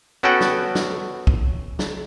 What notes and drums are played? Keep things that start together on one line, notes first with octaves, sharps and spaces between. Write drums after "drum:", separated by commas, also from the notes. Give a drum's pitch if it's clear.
B3 C#4 F#4 A4 F#5 G5
drum: snare
drum: snare
drum: kick
drum: snare